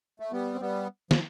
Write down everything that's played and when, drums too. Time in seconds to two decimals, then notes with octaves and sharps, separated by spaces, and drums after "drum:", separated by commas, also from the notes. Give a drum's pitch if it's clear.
0.20 A3
0.32 G3 B3
0.54 C4
0.61 G3 B3
1.11 F3, drum: snare